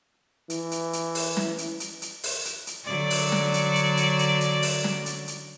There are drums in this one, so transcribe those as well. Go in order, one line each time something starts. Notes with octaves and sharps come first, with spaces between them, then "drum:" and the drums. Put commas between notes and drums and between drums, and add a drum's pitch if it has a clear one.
E3, drum: hi-hat
drum: hi-hat
drum: hi-hat
drum: open hi-hat
drum: snare
drum: hi-hat
drum: hi-hat
drum: hi-hat
drum: open hi-hat
drum: hi-hat
drum: hi-hat
D3 F#3 D5
drum: open hi-hat
drum: snare
drum: hi-hat
drum: hi-hat
drum: hi-hat
drum: hi-hat
drum: hi-hat
drum: open hi-hat
drum: snare
drum: hi-hat
drum: hi-hat